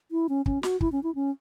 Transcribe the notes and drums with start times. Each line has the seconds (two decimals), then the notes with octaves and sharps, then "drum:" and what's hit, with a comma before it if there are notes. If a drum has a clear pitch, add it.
0.11 E4
0.29 C#4
0.46 C#4, drum: kick
0.63 F#4, drum: snare
0.81 E4, drum: kick
0.92 C#4
1.03 E4
1.15 C#4